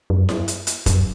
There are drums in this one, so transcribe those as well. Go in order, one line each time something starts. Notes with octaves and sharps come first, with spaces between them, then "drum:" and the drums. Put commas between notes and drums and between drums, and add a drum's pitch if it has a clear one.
F#2
drum: snare E4
drum: hi-hat
drum: hi-hat
F#2, drum: kick, hi-hat